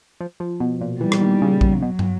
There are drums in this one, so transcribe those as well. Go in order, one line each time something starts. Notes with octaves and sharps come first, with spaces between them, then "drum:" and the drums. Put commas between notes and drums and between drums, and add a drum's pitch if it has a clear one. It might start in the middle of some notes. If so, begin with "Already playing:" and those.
F3
F3
B2
A#2
E3 G3
drum: rim click
D#3
C#3
drum: kick A#1
B2 F#3
drum: tom